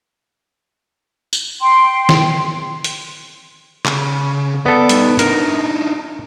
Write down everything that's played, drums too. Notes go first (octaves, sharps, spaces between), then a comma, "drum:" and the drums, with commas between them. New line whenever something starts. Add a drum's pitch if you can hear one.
drum: tambourine
G5 C6
drum: snare
drum: hi-hat
C#3, drum: clap
B3 A4 D5
G3 D#4, drum: hi-hat
D4 D#4 A#4, drum: hi-hat